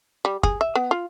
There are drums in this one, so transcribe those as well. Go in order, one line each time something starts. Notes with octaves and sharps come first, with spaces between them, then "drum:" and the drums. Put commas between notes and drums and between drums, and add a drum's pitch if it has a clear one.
G3
G#4, drum: kick
E5
B3
F4